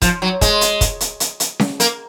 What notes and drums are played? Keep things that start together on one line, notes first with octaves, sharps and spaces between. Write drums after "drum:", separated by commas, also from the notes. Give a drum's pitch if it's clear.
F3, drum: kick, hi-hat
F#3
G#3, drum: kick, hi-hat
drum: hi-hat
drum: kick, hi-hat
drum: hi-hat
drum: hi-hat
drum: hi-hat
drum: snare C#4
A#3, drum: hi-hat